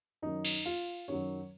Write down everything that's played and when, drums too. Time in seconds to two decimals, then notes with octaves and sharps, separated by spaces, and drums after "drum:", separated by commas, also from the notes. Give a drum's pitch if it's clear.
0.22 F#2 D#3 F#3 D#4
0.45 drum: cymbal
0.66 F4
1.08 F#2 D#3 F#3 C#5